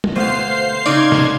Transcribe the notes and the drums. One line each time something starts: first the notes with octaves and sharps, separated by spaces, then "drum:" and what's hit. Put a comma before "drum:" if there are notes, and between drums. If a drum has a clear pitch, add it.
drum: tom
D2 B2 B3 C5 F5 C7
C#3 C4 D#4 D5 F5 C6 G#6, drum: tambourine
drum: snare